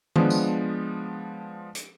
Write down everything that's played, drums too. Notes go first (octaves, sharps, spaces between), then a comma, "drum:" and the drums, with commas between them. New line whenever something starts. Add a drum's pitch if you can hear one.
F3 G#3 B3 D4, drum: tom D#3
drum: tambourine
drum: hi-hat